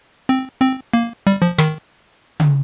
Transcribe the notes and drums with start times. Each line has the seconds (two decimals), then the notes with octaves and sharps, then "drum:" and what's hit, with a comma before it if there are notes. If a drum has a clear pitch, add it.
0.29 C4
0.61 C4
0.94 A#3
1.27 G3
1.42 F3
1.59 D#3, drum: rim click
2.40 drum: tom C#3